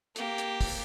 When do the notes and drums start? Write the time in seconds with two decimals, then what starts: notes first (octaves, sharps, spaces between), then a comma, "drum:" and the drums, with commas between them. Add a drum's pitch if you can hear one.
0.16 A#3 G4, drum: hi-hat
0.38 drum: hi-hat
0.61 drum: kick, open hi-hat